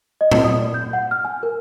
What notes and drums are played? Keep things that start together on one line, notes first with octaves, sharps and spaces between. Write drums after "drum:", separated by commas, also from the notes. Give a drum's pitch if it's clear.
D#5
drum: tom
D#6
D5
G6
F#5
F6
G#5
A#4